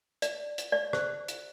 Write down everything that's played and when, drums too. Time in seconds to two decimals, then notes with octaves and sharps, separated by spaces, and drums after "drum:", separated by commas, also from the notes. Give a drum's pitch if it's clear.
0.22 D5, drum: hi-hat
0.58 drum: hi-hat
0.72 D5
0.93 C5, drum: rim click
1.28 drum: hi-hat